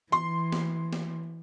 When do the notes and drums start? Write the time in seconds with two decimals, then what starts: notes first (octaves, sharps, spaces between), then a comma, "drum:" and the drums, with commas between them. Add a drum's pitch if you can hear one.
0.12 E3 C6
0.52 drum: snare
0.93 drum: snare